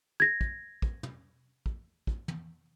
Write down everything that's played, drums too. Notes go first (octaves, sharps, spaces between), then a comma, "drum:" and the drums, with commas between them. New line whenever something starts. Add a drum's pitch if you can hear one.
G#6 A#6
drum: kick
drum: kick
drum: tom
drum: kick
drum: kick
drum: tom